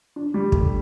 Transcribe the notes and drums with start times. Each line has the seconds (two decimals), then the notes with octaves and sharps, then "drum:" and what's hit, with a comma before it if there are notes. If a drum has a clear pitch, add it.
0.16 D4
0.34 G3
0.52 A3, drum: kick